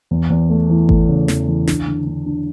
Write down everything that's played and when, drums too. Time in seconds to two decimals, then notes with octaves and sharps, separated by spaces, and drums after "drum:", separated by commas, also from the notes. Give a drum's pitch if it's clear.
0.11 E2
0.30 E2
0.50 A3
0.70 E3
0.89 A3, drum: kick G#1
1.09 C#3
1.28 E2, drum: snare
1.48 E3
1.67 D4, drum: snare
1.87 D3
2.07 D3
2.26 D4